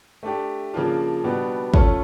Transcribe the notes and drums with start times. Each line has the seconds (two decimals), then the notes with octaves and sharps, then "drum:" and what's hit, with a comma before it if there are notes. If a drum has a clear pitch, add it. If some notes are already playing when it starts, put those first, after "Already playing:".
0.23 A3 D4 G4
0.74 C#3 F3 A#3 D4 F4
1.24 B2 G3 B3 D4
1.74 A3 C#4 F4 A4, drum: kick